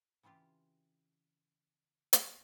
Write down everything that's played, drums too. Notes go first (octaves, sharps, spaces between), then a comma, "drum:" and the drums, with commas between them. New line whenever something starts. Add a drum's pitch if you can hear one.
C#3 E3 C4 F4 G4
drum: hi-hat